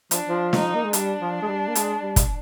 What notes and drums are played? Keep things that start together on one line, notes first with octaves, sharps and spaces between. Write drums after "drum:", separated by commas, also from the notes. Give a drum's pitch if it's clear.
F3 D4, drum: hi-hat
F3
D#4, drum: snare
A#3
G#3
G3 D4, drum: hi-hat
F3
G#3
G3
A#3
G#3, drum: hi-hat
G3
drum: kick, hi-hat